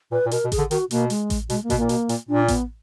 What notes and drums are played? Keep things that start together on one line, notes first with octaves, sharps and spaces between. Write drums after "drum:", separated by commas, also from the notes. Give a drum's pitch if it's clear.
A#2 B4
A#2
B2 A#4, drum: hi-hat
B2
G#4, drum: kick A1, hi-hat
D3
D#3 F#4, drum: hi-hat
B2 A#3, drum: hi-hat
G#3, drum: hi-hat
drum: kick A1, hi-hat
B2 G#3, drum: hi-hat
A#3
B2, drum: kick A1, hi-hat
A#2 A#3
B2, drum: hi-hat
A#2, drum: hi-hat
A#2 D4
B3, drum: kick A1, hi-hat